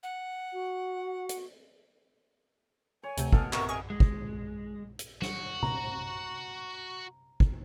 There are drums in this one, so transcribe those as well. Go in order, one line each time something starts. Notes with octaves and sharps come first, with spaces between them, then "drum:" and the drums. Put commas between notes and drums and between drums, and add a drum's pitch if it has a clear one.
F#5
F#4
drum: hi-hat
C#5 G#5
D2 C3, drum: hi-hat
B2 A4 F5, drum: kick
C3 A#4 C#6, drum: clap
D#5 G#5 C#6
G#3
drum: kick
drum: hi-hat
F#4, drum: snare
A#5, drum: tom C3
drum: kick